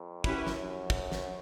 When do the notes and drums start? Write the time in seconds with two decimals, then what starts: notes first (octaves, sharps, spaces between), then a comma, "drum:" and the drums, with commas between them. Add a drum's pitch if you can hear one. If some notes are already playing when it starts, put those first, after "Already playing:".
Already playing: F2
0.24 F#2 C#4 E4 G4 B4, drum: kick
0.47 drum: snare
0.90 drum: kick
1.12 drum: snare